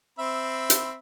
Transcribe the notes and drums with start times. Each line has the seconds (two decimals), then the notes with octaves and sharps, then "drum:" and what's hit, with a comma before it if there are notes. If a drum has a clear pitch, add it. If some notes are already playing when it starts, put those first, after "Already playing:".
0.19 C4 E5 B5
0.70 drum: hi-hat